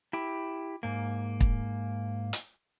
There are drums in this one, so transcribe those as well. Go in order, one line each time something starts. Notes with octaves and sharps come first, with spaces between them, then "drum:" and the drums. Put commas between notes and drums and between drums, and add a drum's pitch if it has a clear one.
E4 G4
G#2 A#3
drum: kick
drum: hi-hat